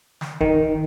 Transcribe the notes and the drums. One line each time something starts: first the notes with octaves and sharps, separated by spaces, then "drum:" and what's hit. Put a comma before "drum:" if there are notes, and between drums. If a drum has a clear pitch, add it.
drum: snare
D#3, drum: kick